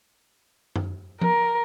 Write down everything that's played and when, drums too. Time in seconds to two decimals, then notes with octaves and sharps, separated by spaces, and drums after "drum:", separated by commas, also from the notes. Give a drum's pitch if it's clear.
0.76 drum: tom F#2
1.21 A#4, drum: tom F3